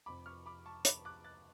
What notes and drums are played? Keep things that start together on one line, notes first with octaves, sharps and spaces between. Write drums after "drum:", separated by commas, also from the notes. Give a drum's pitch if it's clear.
F1 F2 F3 B5 D6
C#6 F6
B5 D6
A5 C#6
B5 D6, drum: hi-hat
D6 F#6
F#6 A6